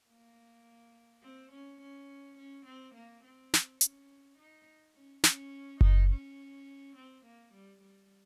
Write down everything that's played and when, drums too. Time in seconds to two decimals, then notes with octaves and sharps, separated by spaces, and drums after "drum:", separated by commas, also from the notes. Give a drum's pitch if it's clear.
0.08 A#3
1.22 C4
1.51 C#4
1.80 C#4
2.37 C#4
2.66 C4
2.95 A#3
3.24 C4
3.54 drum: snare
3.81 C#4, drum: hi-hat
4.38 D#4
4.94 C#4
5.24 C#4, drum: snare
5.81 D#4, drum: kick F#1
6.10 C#4
6.96 C4
7.25 A#3
7.53 G3
7.81 G3